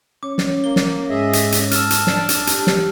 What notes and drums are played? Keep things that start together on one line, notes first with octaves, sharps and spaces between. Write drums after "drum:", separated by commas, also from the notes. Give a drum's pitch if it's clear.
C#4 C#5 D6
drum: snare
A#3 G7
drum: snare
G#2 G#4 D#5 E5
drum: hi-hat
drum: hi-hat
A5 E6 F6, drum: hi-hat
drum: hi-hat
D4, drum: snare
drum: hi-hat
G4, drum: hi-hat
drum: snare